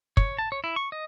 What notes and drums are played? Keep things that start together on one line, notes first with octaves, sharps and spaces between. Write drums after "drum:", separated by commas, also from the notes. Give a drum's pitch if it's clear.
C#5, drum: kick
A5
C#5
E4
C#6
D#5